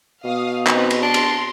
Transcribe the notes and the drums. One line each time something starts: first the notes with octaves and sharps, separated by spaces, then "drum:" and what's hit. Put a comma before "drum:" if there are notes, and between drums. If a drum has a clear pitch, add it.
B2 F5 D#6
C4 D#4 B4, drum: clap
drum: cymbal
D4 C6
drum: cymbal